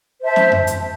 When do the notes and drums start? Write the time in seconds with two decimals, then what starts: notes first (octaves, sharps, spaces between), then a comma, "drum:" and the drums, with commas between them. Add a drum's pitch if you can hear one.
0.21 C5 E5 A5
0.36 drum: snare
0.52 drum: tom F2
0.67 drum: hi-hat